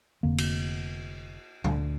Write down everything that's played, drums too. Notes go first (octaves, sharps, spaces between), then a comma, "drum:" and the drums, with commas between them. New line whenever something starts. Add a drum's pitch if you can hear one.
F1 F2 D3 A#3
drum: cymbal
D2 D3, drum: tom A#2